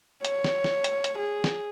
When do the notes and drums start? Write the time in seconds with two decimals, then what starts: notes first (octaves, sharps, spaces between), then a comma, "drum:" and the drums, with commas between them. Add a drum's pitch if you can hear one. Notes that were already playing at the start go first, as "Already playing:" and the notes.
0.25 C#5, drum: hi-hat
0.44 drum: snare
0.64 drum: snare
0.84 drum: hi-hat
1.04 drum: hi-hat
1.18 G#4
1.44 drum: snare